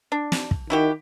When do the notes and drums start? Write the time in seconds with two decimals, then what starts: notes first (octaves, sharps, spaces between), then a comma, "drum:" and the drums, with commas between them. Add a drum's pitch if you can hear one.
0.12 D4
0.32 drum: snare
0.51 drum: kick
0.70 D#3 E4 F#4 G4